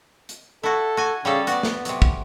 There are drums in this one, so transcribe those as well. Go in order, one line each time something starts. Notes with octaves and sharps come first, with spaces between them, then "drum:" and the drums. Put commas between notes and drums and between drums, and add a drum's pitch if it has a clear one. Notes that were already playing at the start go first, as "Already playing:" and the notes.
drum: hi-hat
E4 F#4 A4
F#4 G#5
C#3 G3 C#4 A4
B3 F#4 D5, drum: hi-hat
drum: snare
C3 F#3, drum: hi-hat
drum: kick